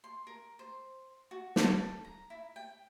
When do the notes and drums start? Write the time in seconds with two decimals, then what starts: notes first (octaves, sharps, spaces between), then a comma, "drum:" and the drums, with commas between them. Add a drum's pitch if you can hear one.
0.04 C6
0.27 A#4
0.59 C5
1.31 F#4
1.56 A4, drum: snare
2.05 A#5
2.30 E4
2.56 G5